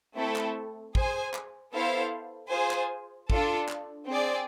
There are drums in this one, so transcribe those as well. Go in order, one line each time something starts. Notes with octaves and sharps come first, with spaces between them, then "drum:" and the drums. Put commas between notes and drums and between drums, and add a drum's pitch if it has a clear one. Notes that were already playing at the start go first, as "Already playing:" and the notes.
A3 C4 E4 A4
drum: clap
G#4 C5 G#5, drum: kick
drum: clap
B3 E4 A4 C5 F5
F4 G#4 C5 G#5
drum: clap
D4 F4 A4, drum: kick
drum: clap
C4 G#4 D5